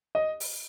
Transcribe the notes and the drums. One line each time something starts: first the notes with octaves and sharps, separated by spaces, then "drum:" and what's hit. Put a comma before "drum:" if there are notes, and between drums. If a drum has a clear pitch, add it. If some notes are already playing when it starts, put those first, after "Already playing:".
D#5
drum: open hi-hat